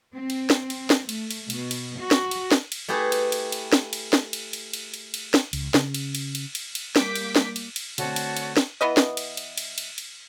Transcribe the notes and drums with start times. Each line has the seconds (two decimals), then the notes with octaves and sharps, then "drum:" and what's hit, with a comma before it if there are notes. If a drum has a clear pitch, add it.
0.14 C4
0.30 drum: cymbal
0.50 drum: snare
0.70 drum: cymbal
0.90 drum: snare
1.09 A3, drum: cymbal
1.31 drum: cymbal
1.50 B2, drum: cymbal
1.71 drum: cymbal
1.99 F#4
2.11 drum: snare
2.31 drum: cymbal
2.52 drum: snare
2.72 drum: cymbal
2.88 A3 E4 G4 G#4 B4
3.12 drum: cymbal
3.32 drum: cymbal
3.52 drum: cymbal
3.73 drum: snare
3.93 drum: cymbal
4.13 drum: snare
4.33 drum: cymbal
4.53 drum: cymbal
4.73 drum: cymbal
4.94 drum: cymbal
5.14 drum: cymbal
5.34 drum: snare
5.53 C#2, drum: cymbal
5.74 C#3, drum: snare
5.94 drum: cymbal
6.15 drum: cymbal
6.35 drum: cymbal
6.55 drum: cymbal
6.75 drum: cymbal
6.96 G3 A#3 D6 G6 B6, drum: snare
7.15 drum: cymbal
7.36 drum: snare
7.56 drum: cymbal
7.76 drum: cymbal
7.98 D3 A3 C4 F#4 C#5 A5, drum: cymbal
8.16 drum: cymbal
8.37 drum: cymbal
8.57 drum: snare
8.81 E3 B3 B4 D#5
8.97 drum: snare
9.17 drum: cymbal
9.37 drum: cymbal
9.58 drum: cymbal
9.78 drum: cymbal
9.98 drum: cymbal